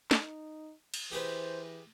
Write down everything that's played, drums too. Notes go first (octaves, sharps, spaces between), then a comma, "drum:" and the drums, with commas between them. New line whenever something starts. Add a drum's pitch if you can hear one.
D#4, drum: snare
drum: cymbal
E3 G4 G#4 B4 C5